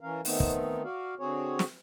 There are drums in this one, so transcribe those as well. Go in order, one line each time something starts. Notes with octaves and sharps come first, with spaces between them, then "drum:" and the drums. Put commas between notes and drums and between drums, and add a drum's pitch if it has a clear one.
E3 C#4 A#4 F5
D#3 A3 B3 C4 D#4, drum: open hi-hat
drum: kick
F#4 D5 F5
D3 C4 F#4 G#4 C#5
drum: snare